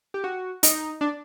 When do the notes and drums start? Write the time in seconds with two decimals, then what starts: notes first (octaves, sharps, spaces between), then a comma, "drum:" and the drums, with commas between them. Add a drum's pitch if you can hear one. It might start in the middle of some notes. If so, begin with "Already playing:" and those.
0.14 G4
0.24 F#4
0.63 D#4, drum: hi-hat
1.01 D4